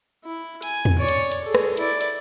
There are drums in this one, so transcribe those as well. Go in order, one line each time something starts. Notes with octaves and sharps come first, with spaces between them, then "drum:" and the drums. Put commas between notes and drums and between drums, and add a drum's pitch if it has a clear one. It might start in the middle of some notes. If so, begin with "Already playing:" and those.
E4
G#5, drum: hi-hat
drum: tom E2
C#5 D5
drum: hi-hat
drum: hi-hat
G#4 A4
drum: rim click
E4 D5, drum: hi-hat
drum: hi-hat